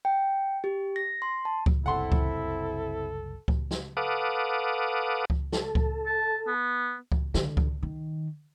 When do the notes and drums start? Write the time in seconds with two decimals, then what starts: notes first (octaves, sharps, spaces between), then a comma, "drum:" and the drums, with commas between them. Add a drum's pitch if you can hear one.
0.05 G5
0.64 G4
0.96 A#6
1.22 C6
1.45 A5
1.66 drum: kick C#2
1.86 F#1 C2 C4 E4 A4 F#5 C6
2.12 drum: kick C#2
3.48 drum: kick C#2
3.71 drum: snare
3.97 A4 B4 F5 F#5 D6 D#6
5.30 drum: kick C#2
5.52 A4, drum: snare
5.75 drum: kick C#2
6.06 A5
6.47 B3
7.12 drum: kick C#2
7.34 D3, drum: snare
7.57 drum: kick C#2
7.83 D#3